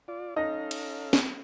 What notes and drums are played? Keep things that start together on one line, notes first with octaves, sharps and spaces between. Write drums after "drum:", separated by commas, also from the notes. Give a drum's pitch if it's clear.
F4 D5
C#4 D#4 A4 D#5 F5
drum: cymbal
drum: snare